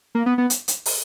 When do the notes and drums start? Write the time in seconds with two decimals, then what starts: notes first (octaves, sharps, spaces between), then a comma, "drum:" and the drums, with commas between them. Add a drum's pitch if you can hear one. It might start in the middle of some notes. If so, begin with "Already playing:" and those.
0.15 A#3
0.26 B3
0.38 B3
0.50 drum: hi-hat
0.68 drum: hi-hat
0.86 drum: open hi-hat